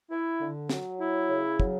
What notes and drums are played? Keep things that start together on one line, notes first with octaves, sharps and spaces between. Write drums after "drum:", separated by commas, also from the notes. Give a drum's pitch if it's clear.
E4
D3
F#3, drum: snare
E4
C#3
F#3, drum: kick